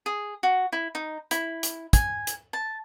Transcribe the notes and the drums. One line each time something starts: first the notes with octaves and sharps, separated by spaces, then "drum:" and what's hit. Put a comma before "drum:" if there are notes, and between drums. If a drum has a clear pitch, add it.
G#4
F#4
E4
D#4
E4, drum: hi-hat
drum: hi-hat
G#5, drum: kick, hi-hat
drum: hi-hat
A5